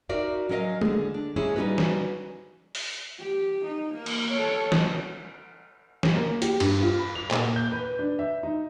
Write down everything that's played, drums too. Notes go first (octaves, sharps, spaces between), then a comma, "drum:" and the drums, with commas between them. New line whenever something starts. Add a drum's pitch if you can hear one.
D#4 F#4 A#4 D5 E5 F5
F#3 C#4 A#4 D#5 F5
D3 G#4, drum: tom G#3
D4
G#3 A#3 C#4 E4 G#4
G3 C#4 D#4 F#4 B4
drum: snare
drum: open hi-hat
G4
D#4
A#3
drum: cymbal
A4 C#5
drum: snare
drum: snare
A#3
G4, drum: hi-hat
G2, drum: cymbal
F4
B5
F7
A#2, drum: clap
G6
B4
D4
E5
D#4